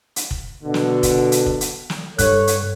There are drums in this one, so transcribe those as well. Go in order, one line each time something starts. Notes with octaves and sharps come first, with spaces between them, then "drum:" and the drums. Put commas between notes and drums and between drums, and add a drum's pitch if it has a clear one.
drum: hi-hat
drum: kick F1
B2 D3
drum: snare
drum: kick F1, hi-hat
drum: hi-hat
drum: kick F1
drum: hi-hat
drum: snare
G2 A4 C#5 F#6, drum: kick F1, hi-hat
drum: hi-hat